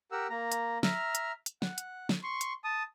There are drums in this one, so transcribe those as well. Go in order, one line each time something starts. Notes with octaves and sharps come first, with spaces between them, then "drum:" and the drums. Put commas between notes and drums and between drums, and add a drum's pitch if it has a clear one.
G4 A#4 F#5 E6
A#3 A#5
drum: hi-hat
E5 A#5 F6, drum: snare
drum: hi-hat
drum: hi-hat
F#5, drum: snare
drum: hi-hat
drum: snare
C6 C#6
drum: hi-hat
A5 D#6